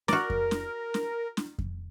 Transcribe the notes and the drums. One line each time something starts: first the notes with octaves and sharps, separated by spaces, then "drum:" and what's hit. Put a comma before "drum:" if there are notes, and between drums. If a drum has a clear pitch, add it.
F#4 A#4 D5, drum: snare
drum: kick F2
drum: snare
drum: snare
drum: snare
drum: kick F2